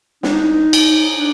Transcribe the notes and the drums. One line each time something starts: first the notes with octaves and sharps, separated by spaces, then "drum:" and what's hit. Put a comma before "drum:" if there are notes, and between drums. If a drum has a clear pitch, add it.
D4, drum: snare
D#4
drum: cymbal
D4